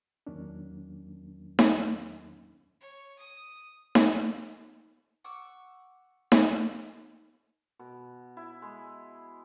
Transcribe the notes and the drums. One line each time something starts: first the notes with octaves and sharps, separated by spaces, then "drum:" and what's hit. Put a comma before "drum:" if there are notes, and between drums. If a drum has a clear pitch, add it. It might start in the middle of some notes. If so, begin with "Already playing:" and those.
E2 D#3 F#3 A#3 C#4 D4
drum: snare D#4
C#5
D#6
drum: snare D#4
F#5 C#6 D6 E6
drum: snare D#4
B2
E4
G#3